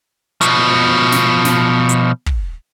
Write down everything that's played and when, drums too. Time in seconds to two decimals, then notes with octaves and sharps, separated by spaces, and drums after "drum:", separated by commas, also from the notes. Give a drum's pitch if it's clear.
0.41 B2 F3, drum: hi-hat
1.12 drum: snare
1.45 drum: snare
1.89 drum: hi-hat
2.26 drum: kick